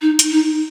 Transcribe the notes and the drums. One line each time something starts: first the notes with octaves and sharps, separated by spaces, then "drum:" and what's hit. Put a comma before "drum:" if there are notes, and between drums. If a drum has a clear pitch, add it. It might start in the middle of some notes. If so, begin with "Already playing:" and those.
D#4
drum: hi-hat
D#4